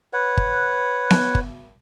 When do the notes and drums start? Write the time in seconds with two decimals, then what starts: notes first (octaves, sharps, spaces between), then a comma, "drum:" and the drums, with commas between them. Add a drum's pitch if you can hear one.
0.13 B4 C#5 F#5
0.37 drum: kick G1
1.10 drum: snare B3
1.35 drum: kick G1